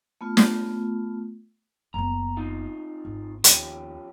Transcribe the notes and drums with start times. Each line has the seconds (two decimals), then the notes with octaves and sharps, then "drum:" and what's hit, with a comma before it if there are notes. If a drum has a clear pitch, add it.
0.21 A3 B3 F4
0.37 drum: snare
1.94 F#1 B3 A#5
2.37 C4 D#4 F4
3.05 G#1
3.44 D#2 F3 C#4 G4, drum: hi-hat